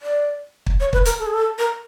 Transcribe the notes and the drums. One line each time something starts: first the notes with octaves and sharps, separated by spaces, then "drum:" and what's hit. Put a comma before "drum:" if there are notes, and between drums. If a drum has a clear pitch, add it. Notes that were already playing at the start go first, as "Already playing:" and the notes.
D5
drum: kick
C#5
B4, drum: kick
A#4, drum: hi-hat
A4
G#4
A4
A#4